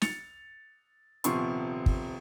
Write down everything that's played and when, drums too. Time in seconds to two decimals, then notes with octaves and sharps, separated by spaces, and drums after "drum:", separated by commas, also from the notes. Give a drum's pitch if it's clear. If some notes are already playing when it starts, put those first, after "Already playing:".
0.02 A6 C#7 F7, drum: snare
1.24 D#1 C3 F3 B3 C6 C#6, drum: hi-hat
1.86 drum: kick